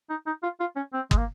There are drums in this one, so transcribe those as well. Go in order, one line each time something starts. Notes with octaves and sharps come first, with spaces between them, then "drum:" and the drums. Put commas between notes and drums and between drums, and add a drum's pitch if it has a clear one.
D#4
D#4
F4
F4
C#4
C4
G#3, drum: kick G1
A#3